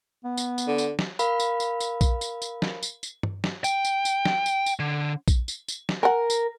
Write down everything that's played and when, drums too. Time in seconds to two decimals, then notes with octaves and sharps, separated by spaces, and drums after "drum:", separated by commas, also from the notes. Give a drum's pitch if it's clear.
0.24 B3
0.37 drum: tambourine
0.58 drum: tambourine
0.67 D3
0.78 drum: tambourine
0.99 drum: snare
1.19 A#4 F5 B5, drum: tambourine
1.40 drum: tambourine
1.60 drum: tambourine
1.80 drum: tambourine
2.01 drum: kick A#1, tambourine
2.21 drum: tambourine
2.42 drum: tambourine
2.62 drum: snare
2.83 drum: tambourine
3.03 drum: tambourine
3.23 drum: tom
3.44 drum: snare
3.64 G5, drum: tambourine
3.85 drum: tambourine
4.05 drum: tambourine
4.25 drum: snare
4.46 drum: tambourine
4.66 drum: tambourine
4.80 D3
5.28 drum: kick A#1, tambourine
5.48 drum: tambourine
5.68 drum: tambourine
5.89 drum: snare
6.03 A#4 F#5 G#5
6.30 drum: tambourine